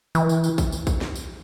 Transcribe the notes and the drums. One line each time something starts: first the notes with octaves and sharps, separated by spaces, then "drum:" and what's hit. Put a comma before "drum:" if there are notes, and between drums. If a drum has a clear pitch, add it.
E3, drum: tambourine
drum: tambourine
drum: tambourine
drum: kick, tambourine
drum: tambourine
drum: kick, tambourine
drum: snare
drum: tambourine